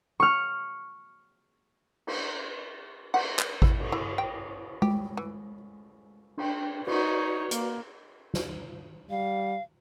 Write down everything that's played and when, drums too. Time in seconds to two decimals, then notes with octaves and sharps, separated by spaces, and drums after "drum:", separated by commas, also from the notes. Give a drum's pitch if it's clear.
0.20 C#6 F6
2.07 drum: cymbal
3.14 F#5, drum: cymbal
3.39 drum: clap
3.62 E4, drum: kick G#1
3.80 drum: cymbal
3.92 E4
4.18 G5
4.82 G4, drum: tom G#3
5.17 E3
6.38 D4 G5, drum: cymbal
6.87 D#4 F#4 B4 C#5 D5, drum: cymbal
7.51 A#3, drum: hi-hat
8.34 drum: snare
9.10 G3 F5